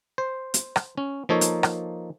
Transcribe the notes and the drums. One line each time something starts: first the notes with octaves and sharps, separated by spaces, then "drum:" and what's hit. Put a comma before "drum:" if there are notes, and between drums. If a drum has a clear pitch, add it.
C5
drum: hi-hat
drum: rim click
C#4
F3 A#3 D#4 A4 C#5
drum: hi-hat
drum: rim click